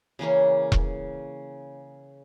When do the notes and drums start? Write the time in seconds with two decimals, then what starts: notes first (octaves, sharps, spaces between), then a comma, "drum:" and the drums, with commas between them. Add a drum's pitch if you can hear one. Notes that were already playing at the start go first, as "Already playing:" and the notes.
0.19 C#3 E3 A#3 C#4
0.72 drum: kick E1